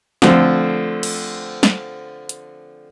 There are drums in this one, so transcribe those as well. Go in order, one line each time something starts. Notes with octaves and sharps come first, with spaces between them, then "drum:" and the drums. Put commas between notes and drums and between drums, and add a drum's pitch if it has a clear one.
D3 F3 A3 C4, drum: snare
drum: cymbal
drum: snare
drum: hi-hat